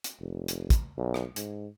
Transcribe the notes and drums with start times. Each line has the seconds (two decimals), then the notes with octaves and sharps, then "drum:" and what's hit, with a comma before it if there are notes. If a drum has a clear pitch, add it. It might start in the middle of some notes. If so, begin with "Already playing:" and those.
0.04 drum: hi-hat
0.20 F1
0.48 drum: hi-hat
0.70 drum: kick, hi-hat
0.97 B1
1.14 drum: rim click
1.36 G#2, drum: hi-hat